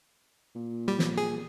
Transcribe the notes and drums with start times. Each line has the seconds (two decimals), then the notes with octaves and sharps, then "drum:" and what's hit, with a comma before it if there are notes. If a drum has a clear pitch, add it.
0.55 A#2
0.88 G3
0.99 drum: snare
1.18 G#4